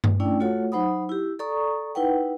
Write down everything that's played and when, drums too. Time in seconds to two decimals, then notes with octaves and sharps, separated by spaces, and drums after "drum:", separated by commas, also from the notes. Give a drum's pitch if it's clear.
0.04 drum: tom G2
0.20 A3 C#4 D4 E4 D5 G5
0.40 A3 F4 F#4 A4 C#5 F#5
0.72 F#3 D#4 C5 F#5 B5 D#6
1.09 E4 G4
1.39 A4 D5 A#5 C#6 D#6
1.95 D#4 E4 B4 F#5 G5